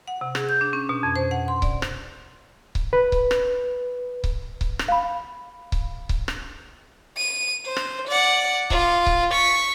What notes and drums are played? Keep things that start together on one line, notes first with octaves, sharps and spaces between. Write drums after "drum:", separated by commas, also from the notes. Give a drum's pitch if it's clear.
F#5
C3
G#4, drum: rim click
G6
D4
C#4
B2
F2
C5
F#5
C6
D5, drum: kick C#1
drum: rim click
drum: kick C#1
B4
drum: kick C#1
drum: rim click
drum: kick C#1
drum: kick C#1
drum: rim click
F5 B5
drum: kick C#1
drum: kick C#1
drum: rim click
D#7
C5
drum: rim click
D5 F#5
F4, drum: kick C#1
drum: kick C#1
C#6 B6